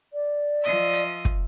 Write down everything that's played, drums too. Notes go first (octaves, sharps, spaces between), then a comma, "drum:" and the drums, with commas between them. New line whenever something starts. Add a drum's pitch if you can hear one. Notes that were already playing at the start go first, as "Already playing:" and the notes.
D5
F3 D#5 E5
drum: hi-hat
drum: kick